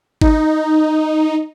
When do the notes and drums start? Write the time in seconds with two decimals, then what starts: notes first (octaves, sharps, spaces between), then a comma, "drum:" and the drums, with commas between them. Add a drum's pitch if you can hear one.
0.21 D#4, drum: kick G#1